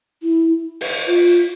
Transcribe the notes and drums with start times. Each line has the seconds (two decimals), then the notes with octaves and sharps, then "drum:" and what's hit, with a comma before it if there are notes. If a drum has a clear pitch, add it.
0.23 E4
0.81 drum: open hi-hat
1.07 F4